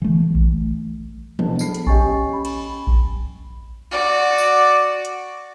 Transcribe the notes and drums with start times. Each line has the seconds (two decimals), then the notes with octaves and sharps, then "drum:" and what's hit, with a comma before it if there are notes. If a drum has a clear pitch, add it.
0.02 E3 A3
0.35 drum: kick A1
1.39 F#1 B1 D4, drum: tom E3
1.59 A4 B5 C7, drum: tambourine
1.74 drum: hi-hat
1.87 C#4 G4 D#5 G#5 C#6 A6, drum: kick A1
2.33 B5
2.45 drum: cymbal
2.87 drum: kick A1
3.91 F#4 D5
4.38 drum: tambourine
5.05 drum: hi-hat